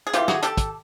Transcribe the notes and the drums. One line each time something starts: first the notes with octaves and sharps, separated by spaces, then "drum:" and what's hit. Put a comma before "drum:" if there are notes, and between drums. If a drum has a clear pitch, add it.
G#4
C#3 E3 A3 F4 G4, drum: hi-hat
F#4 G#4, drum: snare
G4 A4, drum: hi-hat
drum: kick, hi-hat